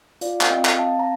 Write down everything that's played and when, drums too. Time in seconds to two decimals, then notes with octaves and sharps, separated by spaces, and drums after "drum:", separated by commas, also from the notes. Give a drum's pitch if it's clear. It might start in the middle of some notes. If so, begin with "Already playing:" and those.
0.21 F4 D5 F5, drum: hi-hat
0.41 F5, drum: clap
0.50 C4 D#5 G5
0.65 drum: clap
0.79 C4 F5 A5
0.99 A#5